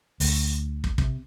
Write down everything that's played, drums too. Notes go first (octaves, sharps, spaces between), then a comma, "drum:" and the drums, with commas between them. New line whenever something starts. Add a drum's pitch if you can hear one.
D2, drum: open hi-hat
drum: kick
C3, drum: kick